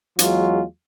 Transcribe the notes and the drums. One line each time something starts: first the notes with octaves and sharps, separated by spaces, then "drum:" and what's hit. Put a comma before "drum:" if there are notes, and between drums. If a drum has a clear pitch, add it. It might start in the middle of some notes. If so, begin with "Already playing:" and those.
E2 F#3 G#3 F4, drum: hi-hat